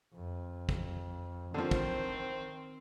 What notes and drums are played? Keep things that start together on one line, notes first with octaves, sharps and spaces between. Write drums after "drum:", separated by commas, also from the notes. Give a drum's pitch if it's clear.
F2
drum: kick
D3 D#3 F3 C4 C5
drum: kick